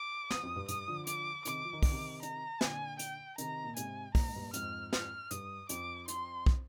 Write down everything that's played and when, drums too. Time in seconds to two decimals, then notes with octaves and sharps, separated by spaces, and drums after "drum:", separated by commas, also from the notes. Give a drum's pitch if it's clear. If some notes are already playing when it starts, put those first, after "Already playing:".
Already playing: D6
0.30 D#6, drum: snare
0.43 F2
0.56 G2
0.68 G2 D#6, drum: hi-hat
0.88 D3 F3
1.07 D6, drum: hi-hat
1.45 C3 D#3 D6, drum: hi-hat
1.65 F3
1.73 D#3
1.83 D3 D6, drum: kick, open hi-hat
1.91 C3 D#3
2.23 A#5, drum: hi-hat
2.61 A#2 D3 G#5, drum: snare
2.99 G5, drum: hi-hat
3.38 C3 D#3 A#5, drum: hi-hat
3.64 A#2
3.77 G#2 C3 G#5, drum: hi-hat
4.15 A#2 A#5, drum: kick, open hi-hat
4.26 G#2
4.36 G2 A#2
4.54 F2 G#2 F6, drum: hi-hat
4.93 F6, drum: snare
5.31 G2 D#6, drum: hi-hat
5.69 F2 D6, drum: hi-hat
6.08 C6, drum: hi-hat
6.46 drum: kick